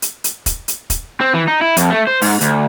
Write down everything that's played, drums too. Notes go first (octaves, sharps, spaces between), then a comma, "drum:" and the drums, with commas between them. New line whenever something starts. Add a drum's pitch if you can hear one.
drum: hi-hat
drum: hi-hat
drum: kick, hi-hat
drum: hi-hat
drum: kick, hi-hat
C4
E3
D#4
E4
F2, drum: hi-hat
A3
C5
G#2, drum: open hi-hat
D2, drum: hi-hat